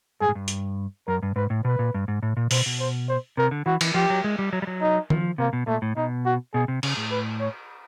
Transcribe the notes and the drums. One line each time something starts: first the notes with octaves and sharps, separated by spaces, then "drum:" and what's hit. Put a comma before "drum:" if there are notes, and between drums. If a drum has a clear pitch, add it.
G2 G#4
G#2
G2
drum: hi-hat
F#2 A#4
G2
G#2 B4
A2
B2 B4
A#2
G2
G#2
A2
A#2
B2 C5, drum: open hi-hat
B2
C5
C5
C3 A#4
D3
E3 F#4
E3, drum: cymbal
F3 G4
F#3
G#3
G3
F#3
G3
F#3
D#4
F3, drum: tom D#3
C3 A#3
B2
A#2 A3
A2
B2 D#4
F#4
B2 G#4
C3
C#3, drum: cymbal
A2
B4
C#5